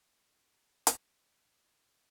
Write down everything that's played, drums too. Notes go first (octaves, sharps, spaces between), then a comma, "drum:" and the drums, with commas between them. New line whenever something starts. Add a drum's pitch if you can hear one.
D#3
drum: hi-hat
F3